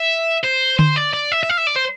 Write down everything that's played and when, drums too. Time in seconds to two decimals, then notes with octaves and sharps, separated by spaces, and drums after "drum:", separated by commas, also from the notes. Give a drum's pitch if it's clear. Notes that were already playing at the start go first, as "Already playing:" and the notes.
Already playing: E5
0.44 C5
0.79 C5, drum: tom D3
0.96 D5
1.14 D5
1.32 E5
1.43 E5
1.49 F5
1.57 E5
1.67 D5
1.76 C5